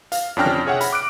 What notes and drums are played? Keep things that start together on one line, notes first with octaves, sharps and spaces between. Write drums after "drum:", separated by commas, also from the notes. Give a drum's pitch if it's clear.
F5, drum: hi-hat
F2 C#4 D4 G5 F6 A#6
drum: tom C3
G#4 C#5 E5 F#5 G5
B5, drum: hi-hat
D6 F#6 D7